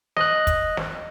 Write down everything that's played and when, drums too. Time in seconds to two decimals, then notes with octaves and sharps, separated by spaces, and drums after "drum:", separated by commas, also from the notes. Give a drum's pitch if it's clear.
0.17 D#5 F#6, drum: snare
0.47 drum: kick, hi-hat
0.77 drum: snare